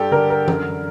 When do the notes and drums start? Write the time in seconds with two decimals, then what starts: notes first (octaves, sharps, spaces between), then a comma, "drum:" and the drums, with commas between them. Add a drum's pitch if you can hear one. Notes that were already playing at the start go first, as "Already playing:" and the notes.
Already playing: G2 G4 A4
0.11 D3 A#4
0.30 A#4
0.48 F#2, drum: tom E3